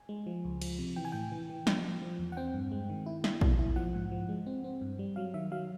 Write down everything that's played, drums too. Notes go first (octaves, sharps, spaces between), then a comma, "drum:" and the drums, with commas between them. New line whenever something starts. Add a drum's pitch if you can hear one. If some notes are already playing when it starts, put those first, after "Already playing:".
Already playing: G#5
G#3
F3
C#2
F3, drum: cymbal
C3
E3 G5
G#5
A2 G5
E3
E3
F3, drum: snare
F3
F3
E2
F#5
C4 G5
G2
G#3
D#3
E4
E4, drum: snare
B2, drum: kick A#1
E4
F3 F#5
G#2
F3
G#3
C4
C4
G2
G3
F#3 F5
D#3 E5
F#3 F5